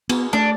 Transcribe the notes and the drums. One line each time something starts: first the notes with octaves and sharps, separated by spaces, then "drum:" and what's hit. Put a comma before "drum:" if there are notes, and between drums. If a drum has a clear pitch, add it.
B3, drum: cymbal
A3 D4